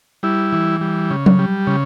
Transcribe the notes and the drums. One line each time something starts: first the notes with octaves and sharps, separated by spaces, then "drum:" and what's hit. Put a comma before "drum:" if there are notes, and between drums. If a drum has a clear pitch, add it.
G3 E4
E3
G3
C#3
drum: tom F#3
G3
C#3